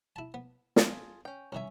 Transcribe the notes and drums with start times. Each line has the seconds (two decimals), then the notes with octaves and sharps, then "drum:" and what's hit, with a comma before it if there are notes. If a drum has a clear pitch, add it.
0.16 E4 A5
0.34 B3
0.76 F4 G#4 A4, drum: snare
1.25 C#4 G5
1.52 C2 D#3 C#4 E5 G#5